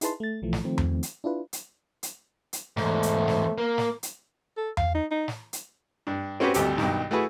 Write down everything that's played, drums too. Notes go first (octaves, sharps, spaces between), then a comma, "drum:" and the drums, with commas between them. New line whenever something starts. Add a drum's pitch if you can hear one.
D#4 E4 G#4 B4 A5 C6, drum: hi-hat
A3 A6
B1 E3 F3 A3
drum: snare
D#3 F3 A3 C4
drum: tom E2
drum: hi-hat
D4 E4 F4 B4
drum: hi-hat
drum: hi-hat
drum: hi-hat
E2 G#2 A3, drum: snare
drum: hi-hat
drum: snare
A#3
drum: snare
drum: hi-hat
A4
F5, drum: tom E2
D#4
D#4
drum: snare
drum: hi-hat
G2 D4
C4 C#4 F#4 G4 B4
G#1 D2 G3 G4 A4, drum: hi-hat
B1 G2 D#3, drum: snare
A3 E4 F#4 G#4 B4